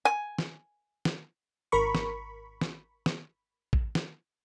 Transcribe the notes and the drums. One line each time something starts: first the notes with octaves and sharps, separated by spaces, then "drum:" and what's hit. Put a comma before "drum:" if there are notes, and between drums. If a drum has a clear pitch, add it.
G#5
drum: snare
drum: snare
G#1 A#4 B5 C#6
drum: snare
drum: snare
drum: snare
drum: kick
drum: snare